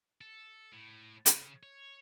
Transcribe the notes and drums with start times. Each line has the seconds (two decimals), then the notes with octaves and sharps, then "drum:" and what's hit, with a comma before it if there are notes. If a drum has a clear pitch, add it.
0.21 A4
0.73 A2
1.26 C#3, drum: hi-hat
1.63 C#5